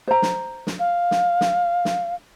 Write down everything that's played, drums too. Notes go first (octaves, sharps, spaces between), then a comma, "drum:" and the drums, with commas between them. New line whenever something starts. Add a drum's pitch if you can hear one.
C5 A#5
drum: snare
drum: snare
F5
drum: snare
drum: snare
drum: snare